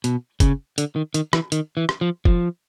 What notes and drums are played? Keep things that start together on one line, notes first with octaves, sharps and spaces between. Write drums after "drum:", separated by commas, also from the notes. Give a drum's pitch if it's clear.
B2, drum: hi-hat
C#3, drum: kick F#1, hi-hat
D3, drum: hi-hat
D#3
D#3, drum: hi-hat
E3, drum: rim click
D#3, drum: hi-hat
E3
drum: rim click
F3
F3, drum: kick F#1